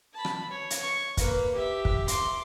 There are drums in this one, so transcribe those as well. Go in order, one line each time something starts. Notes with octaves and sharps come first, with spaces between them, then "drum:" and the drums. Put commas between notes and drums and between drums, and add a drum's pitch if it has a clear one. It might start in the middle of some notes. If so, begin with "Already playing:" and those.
A5 B5
drum: rim click
C#5
drum: hi-hat
C#6
A#3 B4, drum: kick, hi-hat
G4 E5
drum: kick
C6 D6, drum: hi-hat